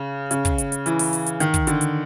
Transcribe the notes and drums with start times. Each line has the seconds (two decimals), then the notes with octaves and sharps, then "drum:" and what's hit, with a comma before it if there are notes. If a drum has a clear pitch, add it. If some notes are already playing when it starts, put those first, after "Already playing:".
Already playing: C#3
0.31 C#3, drum: hi-hat
0.45 drum: kick, hi-hat
0.58 drum: hi-hat
0.72 drum: hi-hat
0.86 E3, drum: hi-hat
0.99 drum: open hi-hat
1.13 drum: hi-hat
1.26 drum: hi-hat
1.40 D#3, drum: hi-hat
1.54 drum: kick, hi-hat
1.67 D3, drum: hi-hat
1.81 drum: hi-hat